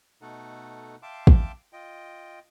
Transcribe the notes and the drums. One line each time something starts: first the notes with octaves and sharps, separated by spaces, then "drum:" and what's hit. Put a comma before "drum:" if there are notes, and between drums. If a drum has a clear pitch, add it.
B2 A3 D#4 A4 F#5
E5 F5 G5 A5 C6 D6
drum: kick
F4 D#5 G5